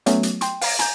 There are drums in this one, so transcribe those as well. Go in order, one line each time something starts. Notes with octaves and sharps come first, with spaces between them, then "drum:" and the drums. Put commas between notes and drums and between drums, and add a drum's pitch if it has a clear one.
F#3 A3 B3 C#4, drum: hi-hat
drum: hi-hat
G5 C6, drum: hi-hat
F5 A#5 A#6, drum: open hi-hat
G#5 A#5 G6, drum: hi-hat